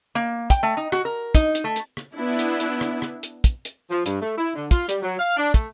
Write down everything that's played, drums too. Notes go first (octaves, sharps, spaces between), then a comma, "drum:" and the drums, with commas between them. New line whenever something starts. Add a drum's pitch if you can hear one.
A#3
G5, drum: kick, hi-hat
A3
D#4
F#4, drum: rim click
A#4
D#4, drum: kick, hi-hat
drum: hi-hat
A3
drum: hi-hat
drum: rim click
B3 D4 E4
drum: hi-hat
drum: hi-hat
drum: rim click
drum: rim click
drum: hi-hat
drum: kick, hi-hat
drum: hi-hat
F3
G2, drum: hi-hat
A3
E4
D3
F4, drum: kick, hi-hat
G3, drum: hi-hat
F#3
F5
D4
A3, drum: kick, hi-hat